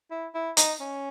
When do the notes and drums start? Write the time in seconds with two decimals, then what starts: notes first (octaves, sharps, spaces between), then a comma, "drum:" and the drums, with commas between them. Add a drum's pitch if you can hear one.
0.11 E4
0.34 E4
0.57 D#4, drum: hi-hat
0.80 C#4